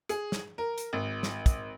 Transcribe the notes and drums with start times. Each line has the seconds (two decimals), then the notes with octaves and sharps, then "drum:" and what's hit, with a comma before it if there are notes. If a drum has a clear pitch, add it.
0.09 G#4, drum: hi-hat
0.32 drum: snare
0.58 A#4
0.78 drum: hi-hat
0.93 G#1
1.23 drum: snare
1.46 drum: kick, hi-hat